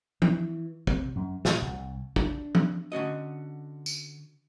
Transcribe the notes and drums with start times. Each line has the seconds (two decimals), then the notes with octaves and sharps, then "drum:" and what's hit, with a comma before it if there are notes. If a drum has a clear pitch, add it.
0.22 E3, drum: tom
0.87 C3, drum: kick
1.16 F#2
1.45 A#2, drum: snare
1.62 C2
2.16 D4, drum: kick
2.55 drum: tom
2.92 D3 C#4 F#4 D#5
3.86 drum: tambourine